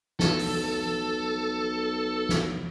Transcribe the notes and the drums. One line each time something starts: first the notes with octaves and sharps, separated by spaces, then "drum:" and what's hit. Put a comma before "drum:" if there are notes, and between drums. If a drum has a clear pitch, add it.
B1 A4, drum: snare
drum: open hi-hat
drum: snare